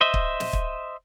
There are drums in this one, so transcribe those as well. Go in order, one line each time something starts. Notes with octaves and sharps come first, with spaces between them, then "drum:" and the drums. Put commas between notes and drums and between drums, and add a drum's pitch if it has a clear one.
C5 D#5 E5
drum: kick
drum: snare
drum: kick